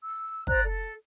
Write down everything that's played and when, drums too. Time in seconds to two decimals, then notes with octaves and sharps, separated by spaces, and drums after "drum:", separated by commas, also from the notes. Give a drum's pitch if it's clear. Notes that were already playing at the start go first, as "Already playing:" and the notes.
0.02 E6
0.47 C5 D5 A#5 F#6, drum: kick
0.62 A4